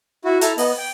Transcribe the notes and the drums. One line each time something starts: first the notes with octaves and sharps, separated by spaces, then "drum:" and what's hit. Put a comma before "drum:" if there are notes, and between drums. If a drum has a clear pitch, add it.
E4 F#4
E4 A4 A#5, drum: hi-hat
B3 D#5, drum: open hi-hat
G5